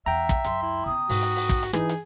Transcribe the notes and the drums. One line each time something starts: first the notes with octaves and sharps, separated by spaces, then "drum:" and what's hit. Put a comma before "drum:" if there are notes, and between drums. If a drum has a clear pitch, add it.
E2 E5 F#5 G5 A#5
drum: kick, hi-hat
C#2 F#2 C6, drum: hi-hat
E4
C#3 B3 D#6
G#2 F#4, drum: open hi-hat
drum: hi-hat
drum: open hi-hat
drum: kick, hi-hat
drum: hi-hat
E3 D#4 G#4, drum: rim click
drum: hi-hat